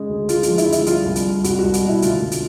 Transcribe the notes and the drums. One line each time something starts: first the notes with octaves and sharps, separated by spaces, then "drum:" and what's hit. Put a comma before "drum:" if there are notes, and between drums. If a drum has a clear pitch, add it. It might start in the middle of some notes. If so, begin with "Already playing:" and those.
Already playing: C#3 G#3
D2
G#3 F4, drum: hi-hat
F3 F4, drum: hi-hat
E4, drum: hi-hat
D2
E4, drum: hi-hat
G3 F4, drum: hi-hat
C2
drum: hi-hat
G3
C2 F#4, drum: hi-hat
F#4
C2
drum: hi-hat
B2 E4
D2 F4, drum: hi-hat
D2
drum: hi-hat